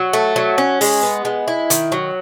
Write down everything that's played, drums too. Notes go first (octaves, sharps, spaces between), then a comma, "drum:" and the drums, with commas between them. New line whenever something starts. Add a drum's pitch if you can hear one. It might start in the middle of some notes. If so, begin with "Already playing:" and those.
Already playing: F#3
A3
F#3
C#4
G#3, drum: open hi-hat
B3
G#3
E4
D#3, drum: hi-hat
F#3